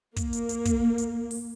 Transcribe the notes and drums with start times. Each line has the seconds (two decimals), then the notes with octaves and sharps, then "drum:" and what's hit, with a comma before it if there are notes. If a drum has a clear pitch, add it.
0.16 A#3, drum: kick, hi-hat
0.33 drum: hi-hat
0.49 drum: hi-hat
0.65 drum: kick, hi-hat
0.98 drum: hi-hat
1.31 drum: open hi-hat